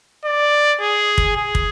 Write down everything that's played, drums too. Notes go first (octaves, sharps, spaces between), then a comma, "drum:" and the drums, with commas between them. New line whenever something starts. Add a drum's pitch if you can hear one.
D5
G#4
drum: kick
G#4
drum: kick